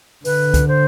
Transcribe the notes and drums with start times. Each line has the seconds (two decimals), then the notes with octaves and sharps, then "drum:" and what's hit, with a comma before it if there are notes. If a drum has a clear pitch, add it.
0.25 D3 B4, drum: open hi-hat
0.54 drum: kick, hi-hat
0.68 C5